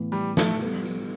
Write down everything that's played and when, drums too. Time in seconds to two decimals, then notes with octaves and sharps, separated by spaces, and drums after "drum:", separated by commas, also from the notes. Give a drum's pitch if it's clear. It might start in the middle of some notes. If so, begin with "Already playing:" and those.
Already playing: A2 E3 B3
0.12 G3, drum: tambourine
0.37 A3, drum: snare
0.61 G3 B3 E4 A4, drum: tambourine
0.86 drum: tambourine